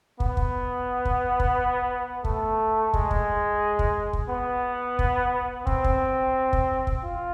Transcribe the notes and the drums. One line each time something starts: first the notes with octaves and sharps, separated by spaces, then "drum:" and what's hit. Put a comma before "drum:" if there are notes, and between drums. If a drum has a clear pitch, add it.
B3, drum: kick
drum: kick
drum: kick
drum: kick
A3, drum: kick
G#3, drum: kick
drum: kick
drum: kick
drum: kick
B3
drum: kick
C4, drum: kick
drum: kick
drum: kick
drum: kick
F4